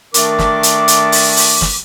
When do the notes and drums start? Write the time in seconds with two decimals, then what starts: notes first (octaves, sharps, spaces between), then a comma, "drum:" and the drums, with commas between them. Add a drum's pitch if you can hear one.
0.14 D#3 A3 D4 A#4 D5 D6, drum: hi-hat
0.39 drum: snare
0.63 drum: hi-hat
0.88 drum: hi-hat
1.12 drum: open hi-hat
1.37 drum: open hi-hat
1.61 drum: snare